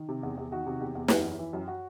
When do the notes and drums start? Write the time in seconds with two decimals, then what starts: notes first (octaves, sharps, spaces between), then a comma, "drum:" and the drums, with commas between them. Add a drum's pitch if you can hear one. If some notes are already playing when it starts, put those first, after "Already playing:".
Already playing: D#3
0.09 C3
0.23 E2
0.38 E2
0.52 D#3 F#4
0.66 C3
0.81 E2 G4
0.95 E2
1.08 F#2 G4, drum: snare
1.25 E3
1.39 E3
1.53 F#2
1.68 F#4